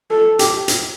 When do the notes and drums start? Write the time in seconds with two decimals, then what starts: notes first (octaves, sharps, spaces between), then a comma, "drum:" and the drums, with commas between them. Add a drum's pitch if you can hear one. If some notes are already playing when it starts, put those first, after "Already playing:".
0.10 A4
0.39 G4, drum: hi-hat
0.68 drum: hi-hat